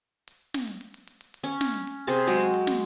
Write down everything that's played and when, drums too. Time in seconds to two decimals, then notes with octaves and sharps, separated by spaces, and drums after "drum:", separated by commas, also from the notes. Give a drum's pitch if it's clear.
0.28 drum: hi-hat
0.54 drum: snare
0.68 drum: hi-hat
0.81 drum: hi-hat
0.94 drum: hi-hat
1.07 drum: hi-hat
1.21 drum: hi-hat
1.34 drum: hi-hat
1.43 C#4
1.61 drum: snare
1.74 drum: hi-hat
1.87 drum: hi-hat
2.07 C3 G#4 C5 A5
2.27 F#3 G#3
2.41 drum: hi-hat
2.54 drum: hi-hat
2.67 drum: snare